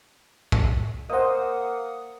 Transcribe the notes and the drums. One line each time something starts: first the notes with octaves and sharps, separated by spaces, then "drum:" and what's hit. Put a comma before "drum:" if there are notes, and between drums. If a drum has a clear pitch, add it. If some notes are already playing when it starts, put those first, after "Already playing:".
drum: kick
A#3 C5 D#5 F#5 D#6